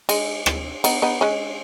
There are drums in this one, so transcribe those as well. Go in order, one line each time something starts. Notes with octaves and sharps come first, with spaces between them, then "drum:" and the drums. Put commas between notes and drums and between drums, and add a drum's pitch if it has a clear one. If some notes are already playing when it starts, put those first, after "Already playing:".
G#3, drum: cymbal
drum: rim click
B3 D#4, drum: cymbal
B3 D#4
G#3 C#4